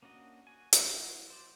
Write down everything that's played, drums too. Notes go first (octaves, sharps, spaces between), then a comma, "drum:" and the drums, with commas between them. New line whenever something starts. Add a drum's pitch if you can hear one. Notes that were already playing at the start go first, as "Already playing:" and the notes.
A#3 C#4 D4 F#4 D#5
F#4 G#5
drum: hi-hat
F#3 E4 F#4
C5 D5